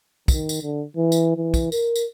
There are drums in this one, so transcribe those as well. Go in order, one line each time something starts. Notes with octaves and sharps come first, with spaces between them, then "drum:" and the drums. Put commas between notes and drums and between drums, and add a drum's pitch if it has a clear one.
D#3, drum: kick, tambourine
drum: tambourine
D3
E3
drum: tambourine
E3
drum: kick, tambourine
A#4, drum: tambourine
drum: tambourine